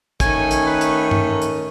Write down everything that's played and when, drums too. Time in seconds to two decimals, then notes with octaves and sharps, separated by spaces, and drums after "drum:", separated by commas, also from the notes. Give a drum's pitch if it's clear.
0.20 D#3 A3 C#4 G#5, drum: kick, hi-hat
0.51 drum: hi-hat
0.66 B4
0.81 drum: hi-hat
1.11 drum: tom G2
1.42 drum: hi-hat